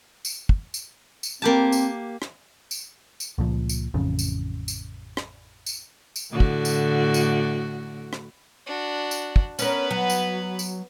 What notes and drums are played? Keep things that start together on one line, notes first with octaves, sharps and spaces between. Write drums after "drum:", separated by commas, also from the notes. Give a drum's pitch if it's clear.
drum: tambourine
drum: kick
drum: tambourine
drum: tambourine
A#3 C4 G4 A5
drum: tambourine
drum: rim click
drum: tambourine
drum: tambourine
C#2 A#2 F3
drum: tambourine
A1 F2 C#3
drum: tambourine
drum: tambourine
drum: rim click
drum: tambourine
drum: tambourine
A2 D3 F#4
drum: kick
drum: tambourine
drum: tambourine
drum: rim click
D4 F#4
drum: tambourine
drum: kick
B3 C#4 A#4 B4, drum: tambourine
F#3
drum: tambourine
drum: tambourine